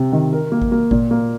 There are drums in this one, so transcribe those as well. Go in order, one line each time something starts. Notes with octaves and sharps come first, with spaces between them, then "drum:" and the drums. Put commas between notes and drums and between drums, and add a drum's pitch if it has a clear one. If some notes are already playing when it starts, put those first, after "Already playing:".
Already playing: C3 C4
D#3
A#4
A#3
drum: kick G#1
A#3
A#2, drum: kick G#1
A#3